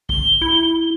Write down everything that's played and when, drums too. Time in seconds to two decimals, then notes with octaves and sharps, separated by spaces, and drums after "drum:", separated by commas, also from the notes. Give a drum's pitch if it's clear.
0.09 G7, drum: kick
0.42 E4